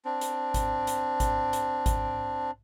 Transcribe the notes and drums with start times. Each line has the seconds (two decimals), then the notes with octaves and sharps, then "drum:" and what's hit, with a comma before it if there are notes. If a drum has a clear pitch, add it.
0.05 C4 D4
0.21 drum: hi-hat
0.54 drum: kick G#1, hi-hat
0.87 drum: hi-hat
1.20 drum: kick G#1, hi-hat
1.53 drum: hi-hat
1.86 drum: kick G#1, hi-hat